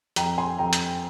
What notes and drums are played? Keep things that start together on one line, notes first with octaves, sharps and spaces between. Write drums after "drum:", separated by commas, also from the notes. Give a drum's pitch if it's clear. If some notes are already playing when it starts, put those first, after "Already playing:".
F2 G5 A#5, drum: hi-hat
G#5 C6
F2 G5 A#5
drum: hi-hat